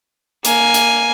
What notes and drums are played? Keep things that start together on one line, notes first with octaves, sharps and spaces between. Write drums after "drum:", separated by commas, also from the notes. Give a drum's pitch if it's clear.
A#3 G#5, drum: hi-hat
drum: hi-hat